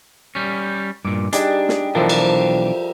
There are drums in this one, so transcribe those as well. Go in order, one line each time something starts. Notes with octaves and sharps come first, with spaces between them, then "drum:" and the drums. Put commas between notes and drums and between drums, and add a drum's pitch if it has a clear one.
G3 C#4
G2 A#2 D6
G3 D4 D#4 G4 G#4, drum: hi-hat
drum: snare
B1 E3 F3 D4 A4 A#4 C5 E5
drum: cymbal